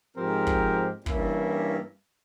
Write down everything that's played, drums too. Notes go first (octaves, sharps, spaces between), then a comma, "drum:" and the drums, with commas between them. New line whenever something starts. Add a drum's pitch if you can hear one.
G#2 F3 C4 G4 A#4
drum: kick
G2 E3 A#3 C#4 E4, drum: kick